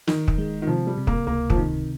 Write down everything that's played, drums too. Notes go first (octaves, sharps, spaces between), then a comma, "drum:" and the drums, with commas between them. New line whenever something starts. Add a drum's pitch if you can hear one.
D#3 D#4, drum: snare
drum: kick
G#3
D#3
C3 F3
G3
C3
A#3, drum: kick
C#2 A#3
F3, drum: kick
C3 D#3